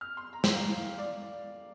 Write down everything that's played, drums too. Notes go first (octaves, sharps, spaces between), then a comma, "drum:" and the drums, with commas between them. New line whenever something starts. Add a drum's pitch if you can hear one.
F6
C6
A#5
G5, drum: snare
F5
D5